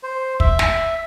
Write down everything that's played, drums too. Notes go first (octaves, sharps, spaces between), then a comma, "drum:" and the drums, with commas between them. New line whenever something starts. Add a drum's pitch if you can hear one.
C5
E5, drum: kick
drum: snare